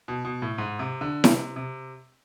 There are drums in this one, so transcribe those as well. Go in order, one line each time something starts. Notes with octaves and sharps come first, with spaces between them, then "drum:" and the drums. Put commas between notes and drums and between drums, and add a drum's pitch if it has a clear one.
B2
B2
A2
G#2
C3
D3
C3, drum: snare E4
C3